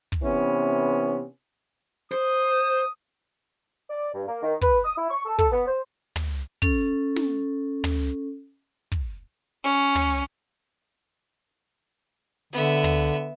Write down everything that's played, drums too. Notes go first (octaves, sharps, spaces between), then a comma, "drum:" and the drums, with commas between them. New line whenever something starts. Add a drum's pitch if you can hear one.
drum: kick
C3 E3 B3 C#4
C5 D#6
D5
G2
A#3
D#3
B4, drum: kick
D#6
E4
C#6
A4
A4, drum: kick
B3
C5
drum: tom
C#4 A4, drum: kick
drum: snare
drum: tom
drum: kick
C#4
drum: tom
D3 B3 E5
drum: tom